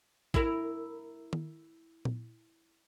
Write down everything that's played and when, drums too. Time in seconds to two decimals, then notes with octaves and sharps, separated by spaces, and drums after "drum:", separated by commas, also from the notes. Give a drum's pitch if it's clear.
0.34 E4 A#4, drum: kick
1.33 drum: tom D#3
2.05 drum: tom A#2